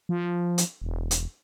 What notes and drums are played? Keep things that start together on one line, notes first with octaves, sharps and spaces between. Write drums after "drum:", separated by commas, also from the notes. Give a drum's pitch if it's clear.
F3
drum: hi-hat
E1
drum: hi-hat